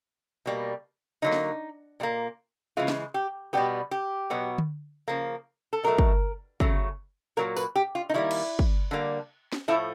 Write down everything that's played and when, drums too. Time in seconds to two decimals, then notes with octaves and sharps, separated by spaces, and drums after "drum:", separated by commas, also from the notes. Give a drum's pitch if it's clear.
0.46 B2 G3 A#3
1.22 D3 F#3 A#3 D#4
1.32 drum: snare
2.00 A#2 G3 A#3
2.77 C#3 E3 G#3 F4
2.88 drum: snare
3.14 G4
3.53 B2 G3 B3 G4
3.91 G4
4.30 B2 F#3 B3
4.58 drum: tom D3
5.08 C#3 F3 A#3
5.73 A4
5.84 B2 F#3 A3 A#4
5.98 drum: kick
6.60 C#3 F#3 A3, drum: kick
7.37 A#2 F#3 A#3 A#4
7.57 B4, drum: tambourine
7.76 G4
7.95 F4
8.10 D#4
8.14 D#3 G3 A#3 E4
8.31 drum: cymbal
8.59 drum: kick
8.91 D3 G3 A#3
9.53 drum: snare
9.68 A2 F3 A3 E4